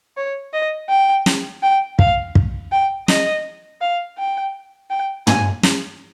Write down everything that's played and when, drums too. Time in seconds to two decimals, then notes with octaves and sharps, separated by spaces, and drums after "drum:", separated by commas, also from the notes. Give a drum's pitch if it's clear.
0.17 C#5
0.53 D#5
0.90 G5
1.26 drum: snare
1.63 G5
1.99 F5, drum: kick
2.35 drum: kick
2.72 G5
3.08 D#5, drum: snare
3.81 F5
4.18 G5
4.90 G5
5.27 G#5, drum: tom
5.63 drum: snare